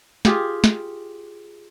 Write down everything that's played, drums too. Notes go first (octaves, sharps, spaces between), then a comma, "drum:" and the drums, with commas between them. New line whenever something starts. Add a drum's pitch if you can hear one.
F4 G4 G#4, drum: snare
drum: snare